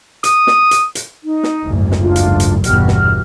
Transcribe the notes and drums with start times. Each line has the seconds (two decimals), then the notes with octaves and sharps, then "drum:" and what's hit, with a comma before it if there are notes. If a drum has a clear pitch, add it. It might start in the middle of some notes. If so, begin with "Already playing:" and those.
0.24 D#6, drum: hi-hat
0.47 drum: snare
0.71 drum: hi-hat
0.95 drum: hi-hat
1.23 D#4
1.43 drum: snare
1.64 F#1 D2 G#2
1.92 drum: snare
2.01 D4 F4
2.16 drum: hi-hat
2.40 drum: hi-hat
2.64 G1 E2 B2 F#4 G4 F6, drum: hi-hat
2.88 drum: snare